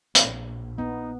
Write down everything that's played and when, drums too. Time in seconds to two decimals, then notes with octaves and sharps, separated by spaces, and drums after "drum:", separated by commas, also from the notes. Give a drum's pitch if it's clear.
0.15 A#1, drum: hi-hat
0.78 B3 D#4